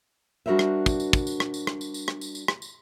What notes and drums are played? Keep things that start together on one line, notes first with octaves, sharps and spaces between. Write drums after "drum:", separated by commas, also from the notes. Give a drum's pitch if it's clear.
G3 D4 F#4 A#4 C5 E5
drum: rim click
drum: kick, tambourine
drum: tambourine
drum: kick, tambourine
drum: tambourine
drum: rim click
drum: tambourine
drum: rim click
drum: tambourine
drum: tambourine
drum: rim click
drum: tambourine
drum: tambourine
drum: rim click
drum: tambourine